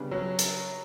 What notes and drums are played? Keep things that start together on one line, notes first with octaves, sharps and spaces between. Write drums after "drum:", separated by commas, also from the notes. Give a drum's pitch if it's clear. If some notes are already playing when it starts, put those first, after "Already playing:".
Already playing: C#3 G3 B3 D4
F#3
drum: hi-hat